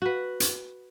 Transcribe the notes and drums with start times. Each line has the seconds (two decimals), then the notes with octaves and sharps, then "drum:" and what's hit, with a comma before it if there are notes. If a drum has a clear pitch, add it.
0.02 F#4 B4
0.40 drum: hi-hat